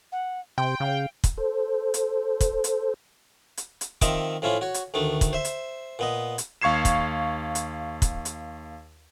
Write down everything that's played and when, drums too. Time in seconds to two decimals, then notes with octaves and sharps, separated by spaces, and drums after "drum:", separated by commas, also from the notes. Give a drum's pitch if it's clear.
0.12 F#5
0.58 C3 G5 C6
0.80 C#3 F5
1.24 drum: kick, hi-hat
1.38 A4 C5
1.94 drum: hi-hat
2.41 drum: kick, hi-hat
2.64 drum: hi-hat
3.57 drum: hi-hat
3.81 drum: hi-hat
4.01 D#3 F3 C4 D#5 E5 D6, drum: kick, hi-hat
4.42 A2 F3 C#4 E4 F4
4.61 F#4 C#5
4.74 drum: hi-hat
4.94 D2 D#3 A3 D4
5.21 drum: kick, hi-hat
5.33 C5 E5
5.45 drum: hi-hat
5.99 A#2 B3 D#5
6.38 drum: hi-hat
6.61 D#2 F5 C#6 G#6 C7 E7
6.85 drum: kick, hi-hat
7.55 drum: hi-hat
8.02 drum: kick, hi-hat
8.25 drum: hi-hat